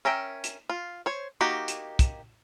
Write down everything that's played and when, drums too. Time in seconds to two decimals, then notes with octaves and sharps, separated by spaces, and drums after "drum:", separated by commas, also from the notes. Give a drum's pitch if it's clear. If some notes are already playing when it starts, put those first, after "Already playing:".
0.05 C#4 A#4 E5 G5
0.44 drum: hi-hat
0.69 F4
1.06 C5 C#5
1.41 A#3 D#4 F#4 G4
1.68 drum: hi-hat
1.99 drum: kick, hi-hat